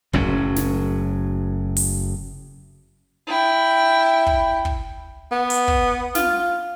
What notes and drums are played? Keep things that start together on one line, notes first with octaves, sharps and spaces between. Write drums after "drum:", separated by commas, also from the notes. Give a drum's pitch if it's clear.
F#1 A2 F#3 C#4, drum: kick
drum: snare
drum: open hi-hat
E4 G5
drum: kick
drum: kick
B3
drum: hi-hat
drum: kick
F4, drum: snare